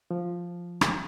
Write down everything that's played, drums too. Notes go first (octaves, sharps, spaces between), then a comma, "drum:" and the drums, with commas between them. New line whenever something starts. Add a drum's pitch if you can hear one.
F3
drum: rim click